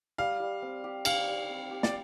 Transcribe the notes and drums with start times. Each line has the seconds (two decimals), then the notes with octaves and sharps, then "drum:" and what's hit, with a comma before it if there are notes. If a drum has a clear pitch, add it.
0.18 G3 F5
0.40 G3
0.62 C4
0.84 G4
1.05 G3 F5, drum: cymbal
1.27 G3
1.49 C4
1.71 G4
1.83 D5, drum: snare